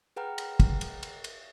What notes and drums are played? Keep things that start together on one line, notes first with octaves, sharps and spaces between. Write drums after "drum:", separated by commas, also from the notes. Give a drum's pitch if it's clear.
G#4 B4 F#5 G5 A#5 F6
drum: cymbal
drum: kick, cymbal
drum: cymbal
drum: cymbal
drum: cymbal